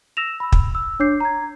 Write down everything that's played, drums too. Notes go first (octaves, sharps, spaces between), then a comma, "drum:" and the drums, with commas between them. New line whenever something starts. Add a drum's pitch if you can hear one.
E6 A#6 E7 F7
B5 E6
drum: kick
E6
D4 C#5 D6 G6 C7
A#5 G#6